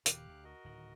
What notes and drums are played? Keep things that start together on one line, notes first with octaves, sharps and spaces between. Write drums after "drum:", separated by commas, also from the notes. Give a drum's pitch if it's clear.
D#1 D#2 C#3 G4 F5 F#6, drum: hi-hat
D2
F#4 A#4 D#5
D1 D#3